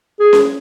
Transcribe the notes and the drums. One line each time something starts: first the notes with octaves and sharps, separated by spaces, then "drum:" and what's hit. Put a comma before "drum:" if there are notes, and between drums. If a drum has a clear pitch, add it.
G#4
drum: snare C#4